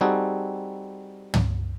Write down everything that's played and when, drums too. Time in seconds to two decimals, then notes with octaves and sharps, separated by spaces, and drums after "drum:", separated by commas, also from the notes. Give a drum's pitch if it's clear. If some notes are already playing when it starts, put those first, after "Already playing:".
0.01 G3 C4 D#4 F#4 G#4 A4
1.34 drum: tom